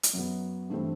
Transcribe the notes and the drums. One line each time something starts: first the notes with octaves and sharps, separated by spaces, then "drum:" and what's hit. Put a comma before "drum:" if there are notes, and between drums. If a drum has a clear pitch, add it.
drum: hi-hat
F#2 F#3 B3
G2 E3 A3 C4